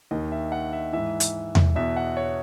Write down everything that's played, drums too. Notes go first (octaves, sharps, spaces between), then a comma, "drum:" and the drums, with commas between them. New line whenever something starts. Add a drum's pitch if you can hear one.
D#2 D#3 D#5
E5
F#5
E5
G#2 E3 E5
drum: hi-hat
drum: tom E2
E2 B2 E5
F#5
C#5